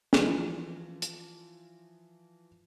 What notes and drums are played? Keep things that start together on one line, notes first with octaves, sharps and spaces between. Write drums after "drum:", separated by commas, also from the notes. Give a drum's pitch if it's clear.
E3 F3 F4, drum: snare
drum: hi-hat